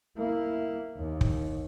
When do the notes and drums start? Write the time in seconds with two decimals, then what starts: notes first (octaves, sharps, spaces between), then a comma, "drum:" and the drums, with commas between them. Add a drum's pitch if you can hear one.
0.17 A#3 E4
0.97 D#2
1.21 drum: kick